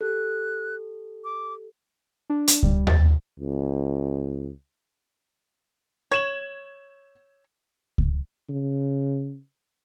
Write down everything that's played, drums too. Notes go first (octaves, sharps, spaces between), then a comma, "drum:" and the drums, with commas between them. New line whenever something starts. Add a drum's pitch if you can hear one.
G4 A4 F#6
D6
D4
drum: hi-hat
G3, drum: kick C#2
A6, drum: tom D#2
C#2
C#5 G#6 E7 F#7
drum: kick C#2
C#3